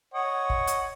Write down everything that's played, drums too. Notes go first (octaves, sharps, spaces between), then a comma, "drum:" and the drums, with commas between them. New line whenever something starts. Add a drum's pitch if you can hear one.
C#5 D#5 F#5
drum: kick
drum: hi-hat